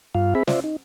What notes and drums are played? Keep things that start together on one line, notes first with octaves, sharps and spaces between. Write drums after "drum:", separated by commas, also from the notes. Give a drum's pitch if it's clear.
G2 F4 F5
C4 G#4 E5 B5
F4 C5 D5 E5, drum: snare
D#4